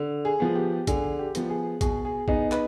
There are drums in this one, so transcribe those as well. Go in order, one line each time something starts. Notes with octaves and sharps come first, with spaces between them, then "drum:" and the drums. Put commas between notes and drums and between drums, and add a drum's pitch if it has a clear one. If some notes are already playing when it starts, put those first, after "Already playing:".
Already playing: D3
G#4
F3 B3
G4
D3 G#4, drum: kick, hi-hat
G4
F3 B3, drum: hi-hat
G#4
B2 G#4, drum: kick, hi-hat
G#4
B3 D#4 G#4, drum: kick
B4, drum: clap